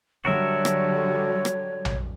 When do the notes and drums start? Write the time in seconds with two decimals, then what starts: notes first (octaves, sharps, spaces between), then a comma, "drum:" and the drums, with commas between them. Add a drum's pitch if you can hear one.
0.25 D3 F#3 G3 F#4 A#4 C#5 E5
0.65 drum: rim click
1.45 drum: rim click
1.85 drum: tom A#1